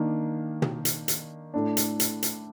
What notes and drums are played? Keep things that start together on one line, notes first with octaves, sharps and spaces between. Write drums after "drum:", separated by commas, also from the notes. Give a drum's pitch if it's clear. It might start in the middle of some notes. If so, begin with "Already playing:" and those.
Already playing: D#3 A#3 D4
drum: tom
drum: hi-hat
drum: hi-hat
A2 A3 D4
drum: hi-hat
drum: hi-hat
drum: hi-hat